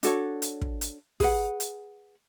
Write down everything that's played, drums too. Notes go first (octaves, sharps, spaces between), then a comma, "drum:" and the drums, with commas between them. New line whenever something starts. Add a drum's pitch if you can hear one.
D4 F#4 A4 C#5, drum: hi-hat
drum: hi-hat
drum: kick
drum: hi-hat
G#4 B4 F#5, drum: kick, open hi-hat
drum: hi-hat